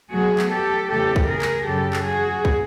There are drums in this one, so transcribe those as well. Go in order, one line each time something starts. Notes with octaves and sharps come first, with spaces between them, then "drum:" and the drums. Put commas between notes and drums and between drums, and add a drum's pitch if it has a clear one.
B2 F#3 A3 F#4 G#4
drum: clap
G4 A4
E2 C#3 E3 A3 G4 A4
drum: kick
G#4 A#4
drum: clap
F#2 C#3 F#3 G4 A4
drum: clap
F#4 G#4
drum: kick